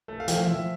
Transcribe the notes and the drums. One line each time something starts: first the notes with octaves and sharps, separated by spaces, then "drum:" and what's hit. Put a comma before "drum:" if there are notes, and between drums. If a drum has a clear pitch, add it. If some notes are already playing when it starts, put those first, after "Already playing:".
A3
F5
F3 G5, drum: hi-hat
F3 E5